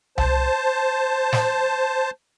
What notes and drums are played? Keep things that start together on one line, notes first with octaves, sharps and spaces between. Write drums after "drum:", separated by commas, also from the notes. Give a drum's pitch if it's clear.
C5 A5, drum: tom C2
drum: snare